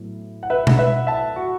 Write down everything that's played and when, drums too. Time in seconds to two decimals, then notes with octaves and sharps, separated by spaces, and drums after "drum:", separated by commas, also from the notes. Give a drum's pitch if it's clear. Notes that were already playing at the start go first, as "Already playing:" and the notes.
Already playing: A2 F#3 B3
0.43 F#5
0.50 B4 E5
0.67 drum: tom B2
0.78 B4 E5
1.07 E5 A5
1.36 F#4